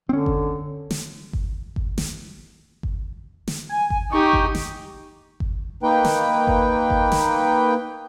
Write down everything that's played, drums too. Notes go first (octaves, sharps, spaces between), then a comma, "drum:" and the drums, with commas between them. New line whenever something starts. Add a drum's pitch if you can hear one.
D3 C4 C#4
drum: kick G1
drum: snare
drum: kick G1
drum: kick G1
drum: snare
drum: kick G1
drum: snare
G#5
drum: kick G1
D#4 G4 C#6
drum: kick G1
drum: snare
drum: kick G1
A#3 D#4 B4 G5
drum: snare
drum: kick G1
drum: kick G1
drum: snare